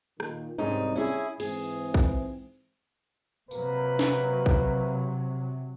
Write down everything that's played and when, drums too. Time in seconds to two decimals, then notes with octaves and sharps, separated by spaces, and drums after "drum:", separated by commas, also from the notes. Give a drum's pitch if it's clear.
0.20 A#2 D#3 F4, drum: rim click
0.58 C2 G#2 G3 C4 C#4 D#4
0.96 C#4 E4 G#4
1.40 G#2 E3 C4 G#4, drum: cymbal
1.94 drum: kick
3.51 C3 F#3 A#3 B4, drum: tambourine
3.99 drum: snare
4.46 drum: kick